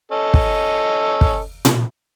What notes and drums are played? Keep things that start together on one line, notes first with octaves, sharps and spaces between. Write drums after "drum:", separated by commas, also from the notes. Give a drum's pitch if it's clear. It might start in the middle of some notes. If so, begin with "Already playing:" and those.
C#4 A4 D#5
drum: kick
drum: kick
drum: tom A#2